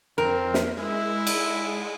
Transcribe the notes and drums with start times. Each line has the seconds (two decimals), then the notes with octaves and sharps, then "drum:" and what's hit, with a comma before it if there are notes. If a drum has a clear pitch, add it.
0.18 F2 C4 A#4
0.54 drum: snare
0.77 G#3 E4
1.27 drum: cymbal